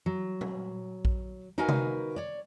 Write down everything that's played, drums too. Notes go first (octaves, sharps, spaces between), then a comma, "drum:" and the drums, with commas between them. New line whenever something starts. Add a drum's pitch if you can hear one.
F#3
drum: tom
drum: kick A#1
D#4 F#4 A#4 B4 F5 G#5
drum: tom C3
C#5 D5